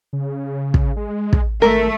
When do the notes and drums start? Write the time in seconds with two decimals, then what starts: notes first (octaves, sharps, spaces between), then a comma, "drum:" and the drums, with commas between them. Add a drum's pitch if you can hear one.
0.13 C#3
0.74 drum: kick
0.97 G#3
1.33 drum: kick
1.62 G#1 A3 A#4